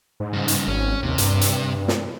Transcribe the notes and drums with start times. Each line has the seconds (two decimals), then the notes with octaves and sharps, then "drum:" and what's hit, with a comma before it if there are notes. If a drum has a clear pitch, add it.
0.20 G#2
0.33 G2 C#3
0.48 drum: hi-hat
0.67 G#1 C#4
1.03 D#2 C3
1.18 G2, drum: hi-hat
1.41 drum: hi-hat
1.88 drum: snare